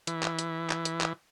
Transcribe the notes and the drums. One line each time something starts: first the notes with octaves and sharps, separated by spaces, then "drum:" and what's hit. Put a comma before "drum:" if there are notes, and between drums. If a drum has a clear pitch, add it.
E3, drum: hi-hat
drum: clap
drum: hi-hat
drum: clap
drum: hi-hat
drum: clap